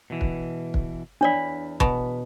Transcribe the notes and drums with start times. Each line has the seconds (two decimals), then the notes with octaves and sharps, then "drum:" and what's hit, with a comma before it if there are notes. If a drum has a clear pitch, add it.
0.10 B2 E3
0.21 drum: kick
0.74 drum: kick
1.21 E2 D4 C#5 D5 B5
1.80 B2, drum: kick